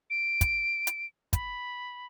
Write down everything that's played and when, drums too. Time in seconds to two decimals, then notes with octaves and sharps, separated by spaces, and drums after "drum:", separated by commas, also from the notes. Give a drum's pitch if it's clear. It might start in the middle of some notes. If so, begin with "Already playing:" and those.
0.10 D7
0.41 drum: kick, hi-hat
0.87 drum: hi-hat
1.33 B5, drum: kick, hi-hat